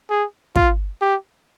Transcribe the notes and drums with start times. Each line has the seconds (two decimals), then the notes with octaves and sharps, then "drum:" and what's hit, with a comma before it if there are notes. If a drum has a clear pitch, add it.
0.10 G#4
0.56 F4, drum: kick
1.01 G4